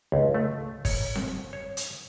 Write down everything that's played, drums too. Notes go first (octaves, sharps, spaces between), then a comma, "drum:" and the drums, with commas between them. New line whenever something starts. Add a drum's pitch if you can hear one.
C#2
A3
C#5, drum: kick, open hi-hat
drum: snare C4
C#5
drum: hi-hat